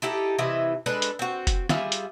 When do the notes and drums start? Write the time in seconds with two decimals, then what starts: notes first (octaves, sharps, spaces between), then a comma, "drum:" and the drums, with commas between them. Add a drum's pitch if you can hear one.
0.02 D#4 E4 G4 A4
0.39 C3 E3 E4 D#5
0.86 G#3 D4 A4 B4
1.02 drum: hi-hat
1.19 C4 F#4
1.47 drum: kick F1, hi-hat
1.69 G3 F4 G#4 E5, drum: snare
1.92 drum: hi-hat